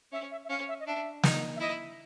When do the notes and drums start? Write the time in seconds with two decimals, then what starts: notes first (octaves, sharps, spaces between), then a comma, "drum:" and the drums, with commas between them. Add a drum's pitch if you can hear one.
0.12 C#4 E5
0.31 E5
0.45 E5
0.49 C#4 F5
0.68 E5
0.80 D#5
0.87 D4 E5
1.23 D#4, drum: snare
1.56 E5
1.60 E4 D#5